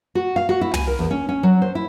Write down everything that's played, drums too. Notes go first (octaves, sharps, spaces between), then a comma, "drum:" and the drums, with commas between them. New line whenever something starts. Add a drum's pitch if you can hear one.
F#4
F5
F#4
E4
G#5, drum: tom
A#4
E2
C#4
C#4
F#3
C5
E4